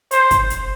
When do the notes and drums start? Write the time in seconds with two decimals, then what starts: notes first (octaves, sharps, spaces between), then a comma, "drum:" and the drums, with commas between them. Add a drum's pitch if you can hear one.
0.11 C5, drum: hi-hat
0.31 drum: kick, hi-hat
0.50 drum: hi-hat